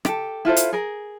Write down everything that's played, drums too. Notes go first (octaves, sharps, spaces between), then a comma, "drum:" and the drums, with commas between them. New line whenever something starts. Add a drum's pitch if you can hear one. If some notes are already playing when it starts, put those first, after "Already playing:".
G4 A4, drum: rim click
E4 F4 A4 C5
drum: hi-hat
G#4 A#4